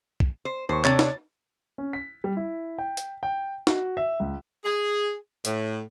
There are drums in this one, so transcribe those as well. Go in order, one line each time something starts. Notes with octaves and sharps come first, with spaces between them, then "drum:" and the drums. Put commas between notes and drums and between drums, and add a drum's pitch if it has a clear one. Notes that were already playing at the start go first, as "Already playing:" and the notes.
drum: kick
C5
D#2 C5 C#6
C3 D4 C#5 A6, drum: clap
drum: snare
C#4
B6
G3
E4
G5
drum: hi-hat
G5
F#4, drum: snare
E5
C#2
G#4
A2, drum: hi-hat